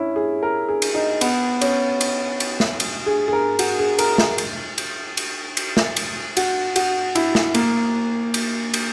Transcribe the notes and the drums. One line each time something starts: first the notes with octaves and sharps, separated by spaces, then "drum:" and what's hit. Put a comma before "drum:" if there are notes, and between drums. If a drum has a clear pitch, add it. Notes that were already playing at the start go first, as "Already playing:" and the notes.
Already playing: C#4 E4
G#4
A#4
G#4
drum: cymbal
D#4
B3, drum: cymbal
C#4, drum: cymbal
drum: cymbal
drum: cymbal
drum: snare
drum: cymbal
G#4
G#4
A#4
F#4, drum: cymbal
G#4
A#4, drum: cymbal
drum: snare
drum: cymbal
drum: cymbal
drum: cymbal
drum: cymbal
drum: snare
drum: cymbal
F#4, drum: cymbal
F#4, drum: cymbal
E4, drum: cymbal
drum: snare
A#3, drum: cymbal
drum: cymbal
drum: cymbal